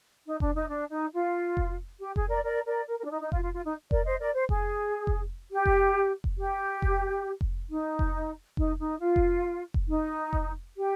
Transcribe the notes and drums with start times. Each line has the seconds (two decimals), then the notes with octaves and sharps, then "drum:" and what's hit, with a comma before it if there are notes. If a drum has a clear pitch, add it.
0.26 D#4
0.40 D4, drum: kick F1
0.54 D#4
0.69 D4
0.91 D#4
1.13 F4
1.57 drum: kick F1
2.01 G4
2.16 G#4, drum: kick F1
2.29 A#4 D5
2.44 A#4 D5
2.66 A#4 D5
2.88 A#4
2.99 A#4
3.05 D4
3.11 D#4
3.21 D#4
3.32 F4, drum: kick F1
3.42 F4
3.53 F4
3.65 D#4
3.91 A#4 D5, drum: kick F1
4.05 C5 D#5
4.20 A#4 D5
4.34 C5
4.49 G#4, drum: kick F1
5.07 drum: kick F1
5.51 G4
5.66 drum: kick F1
6.24 drum: kick F1
6.38 G4
6.82 drum: kick F1
7.41 drum: kick F1
7.70 D#4
7.99 drum: kick F1
8.57 D#4, drum: kick F1
8.79 D#4
9.01 F4
9.16 drum: kick F1
9.74 drum: kick F1
9.89 D#4
10.33 drum: kick F1
10.77 G4